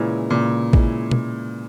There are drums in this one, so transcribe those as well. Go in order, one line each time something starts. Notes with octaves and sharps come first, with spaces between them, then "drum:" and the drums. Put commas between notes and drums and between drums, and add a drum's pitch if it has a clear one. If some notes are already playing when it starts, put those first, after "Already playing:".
Already playing: A#2 C#3 E3 G#3 C#4 E4
A#2 C#3
E3 G#3 C#4 E4, drum: kick A1
drum: tom B2